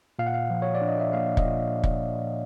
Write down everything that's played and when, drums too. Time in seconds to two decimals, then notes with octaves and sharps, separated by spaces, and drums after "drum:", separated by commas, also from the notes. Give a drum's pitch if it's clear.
0.19 A#2 F5
0.27 F#5
0.34 F5
0.50 F3
0.62 C#5
0.75 D5
0.82 D4
0.88 D#5
1.00 E5
1.13 A#3 F5
1.37 D#5, drum: kick
1.45 A#2
1.84 drum: kick